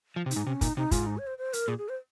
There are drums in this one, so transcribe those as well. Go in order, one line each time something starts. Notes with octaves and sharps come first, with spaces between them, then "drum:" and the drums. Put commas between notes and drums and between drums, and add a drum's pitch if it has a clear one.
F3
C3
D#4, drum: hi-hat
G#2
C3 C#4
A#2 D#4, drum: kick, hi-hat
C3 D#4
G#2 F4, drum: kick, hi-hat
D#4
C#5
C5
C5
A#4, drum: hi-hat
A#2 G#4
G#4
C5